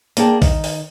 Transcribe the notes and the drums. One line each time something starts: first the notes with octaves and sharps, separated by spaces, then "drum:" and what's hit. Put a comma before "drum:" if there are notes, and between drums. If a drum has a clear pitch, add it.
A#3 D4 G#4 G5 A5, drum: hi-hat
D#3, drum: kick A#1, open hi-hat
drum: open hi-hat